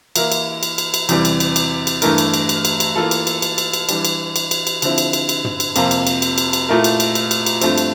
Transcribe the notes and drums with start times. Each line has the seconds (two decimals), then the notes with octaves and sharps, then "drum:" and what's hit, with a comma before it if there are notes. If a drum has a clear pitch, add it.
0.16 E3 A#3 E4 A#4, drum: cymbal
0.32 drum: cymbal
0.63 drum: cymbal
0.78 drum: cymbal
0.94 drum: cymbal
1.09 E2 C3 E3 G3, drum: cymbal
1.25 drum: cymbal
1.40 drum: cymbal
1.56 drum: cymbal
1.87 drum: cymbal
2.02 G2 E3 A3 E4 A#4, drum: cymbal
2.18 drum: cymbal
2.34 drum: cymbal
2.49 drum: cymbal
2.65 drum: cymbal
2.80 drum: cymbal
2.96 E3 A#3 F4 A4
3.11 drum: cymbal
3.27 drum: cymbal
3.42 drum: cymbal
3.58 drum: cymbal
3.73 drum: cymbal
3.89 E3 G3 D4, drum: cymbal
4.05 drum: cymbal
4.36 drum: cymbal
4.51 drum: cymbal
4.67 drum: cymbal
4.82 D3 F3 C4 E4, drum: cymbal
4.98 drum: cymbal
5.13 drum: cymbal
5.29 drum: cymbal
5.44 drum: tom
5.60 drum: cymbal
5.76 F2 C3 F3 A#3, drum: cymbal
5.91 drum: cymbal
6.07 drum: cymbal
6.22 drum: cymbal
6.38 drum: cymbal
6.53 drum: cymbal
6.69 A#2 A3 E4 A#4
6.84 drum: cymbal
7.00 drum: cymbal
7.15 drum: cymbal
7.31 drum: cymbal
7.46 drum: cymbal
7.61 G2 F3 A3 C4, drum: cymbal
7.78 drum: cymbal